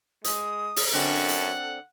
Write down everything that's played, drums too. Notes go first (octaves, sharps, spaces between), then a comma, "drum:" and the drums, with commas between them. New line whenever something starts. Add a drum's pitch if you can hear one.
G#3 D#6, drum: hi-hat
drum: open hi-hat
F#2 D3 C4 D4 A4 F#5
drum: hi-hat